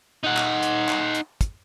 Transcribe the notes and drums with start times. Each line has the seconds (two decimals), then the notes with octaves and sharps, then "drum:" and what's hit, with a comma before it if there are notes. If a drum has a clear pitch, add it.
0.24 D#4 F#5
0.37 drum: clap
0.63 drum: hi-hat
0.89 drum: clap
1.15 drum: hi-hat
1.41 drum: kick, hi-hat